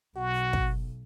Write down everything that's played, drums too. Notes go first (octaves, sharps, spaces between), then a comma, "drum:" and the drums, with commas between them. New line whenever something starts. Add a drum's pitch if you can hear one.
B1 F#4
drum: kick